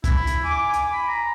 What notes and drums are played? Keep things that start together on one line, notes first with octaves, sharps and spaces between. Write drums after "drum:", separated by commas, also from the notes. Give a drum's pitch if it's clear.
E4, drum: kick C2, hi-hat
drum: hi-hat
G#5 D6
drum: hi-hat
B5
A#5